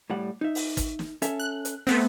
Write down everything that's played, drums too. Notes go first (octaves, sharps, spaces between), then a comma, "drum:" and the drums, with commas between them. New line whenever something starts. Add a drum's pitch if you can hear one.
A2 G3 F#5
D#4 E5
drum: open hi-hat
drum: kick, hi-hat
drum: snare
C#4 A4 E5, drum: hi-hat
F#6
drum: hi-hat
A3 B3 C4, drum: open hi-hat